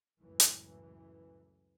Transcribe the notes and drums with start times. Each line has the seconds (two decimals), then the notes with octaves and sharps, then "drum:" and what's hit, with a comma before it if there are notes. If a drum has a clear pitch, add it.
0.22 C#2 F#2 A2 E3
0.40 drum: hi-hat